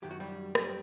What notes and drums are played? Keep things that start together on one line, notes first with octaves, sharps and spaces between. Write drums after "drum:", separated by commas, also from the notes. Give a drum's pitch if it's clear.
F#2 D#3 F#3 G4
F#4
G3 G4
G3 G4, drum: rim click